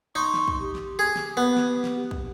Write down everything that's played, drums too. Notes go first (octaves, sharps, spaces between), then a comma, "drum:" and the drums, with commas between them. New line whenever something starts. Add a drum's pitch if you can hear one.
D#4 C6 C#6
drum: snare
drum: kick
G4
drum: snare
G#4
drum: snare
B3
drum: snare
drum: snare
drum: kick